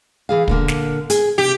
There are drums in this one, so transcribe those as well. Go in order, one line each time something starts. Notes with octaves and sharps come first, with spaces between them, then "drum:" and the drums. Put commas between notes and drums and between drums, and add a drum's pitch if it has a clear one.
E3 G#4 F5
A#2 D3 A#3, drum: kick
drum: snare
G#4, drum: hi-hat
C3 G4